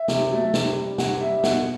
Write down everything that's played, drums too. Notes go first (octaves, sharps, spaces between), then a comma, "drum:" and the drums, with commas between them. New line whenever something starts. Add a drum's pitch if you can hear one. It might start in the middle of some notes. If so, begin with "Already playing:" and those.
Already playing: E5
C3, drum: snare
F#3 A3
C3, drum: snare
G3
C3 F#5, drum: snare
G3 E5
E5
B2 F#5, drum: snare